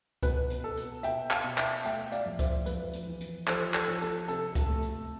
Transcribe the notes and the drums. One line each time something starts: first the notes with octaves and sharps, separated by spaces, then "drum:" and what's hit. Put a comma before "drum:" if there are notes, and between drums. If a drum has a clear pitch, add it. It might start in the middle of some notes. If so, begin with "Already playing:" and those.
B2 B4, drum: kick C#2, hi-hat
drum: hi-hat
B3 A4
drum: hi-hat
B2 E5 G5, drum: hi-hat
F5 A5, drum: clap
B2
E5 G5, drum: clap
A3 E5 G5, drum: hi-hat
D5 F5, drum: hi-hat
F2
C5 E5, drum: kick C#2, hi-hat
F2 B4, drum: hi-hat
drum: hi-hat
E3
drum: hi-hat
F3 A4 C5, drum: clap
A4, drum: clap
F3
A4, drum: hi-hat
C3 A4, drum: hi-hat
drum: kick C#2, hi-hat
A3
drum: hi-hat